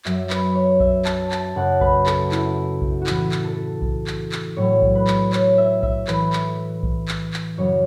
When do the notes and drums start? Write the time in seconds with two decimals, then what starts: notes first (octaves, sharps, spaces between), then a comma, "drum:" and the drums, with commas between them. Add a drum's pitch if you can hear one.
0.05 F#2 F#3 E5, drum: clap
0.30 B4, drum: clap
0.55 C#5
0.80 E5, drum: kick B1
1.05 A5, drum: clap
1.31 A5, drum: clap
1.56 F#2 C#3 F#3 F#5
1.81 B4, drum: kick B1
2.06 A4, drum: clap
2.32 E4, drum: clap
2.81 drum: kick B1
3.01 F#4
3.07 A2 E3 E4, drum: clap
3.32 drum: clap
3.44 A4
3.82 drum: kick B1
4.07 drum: clap
4.32 drum: clap
4.57 A2 F#3 C#5
4.82 drum: kick B1
4.95 B4
5.07 drum: clap
5.33 C#5, drum: clap
5.58 E5
5.83 E5, drum: kick B1
6.07 A2 E3 B4, drum: clap
6.33 drum: clap
6.83 drum: kick B1
7.08 drum: clap
7.33 drum: clap
7.58 F#2 C#3 F#3 C#5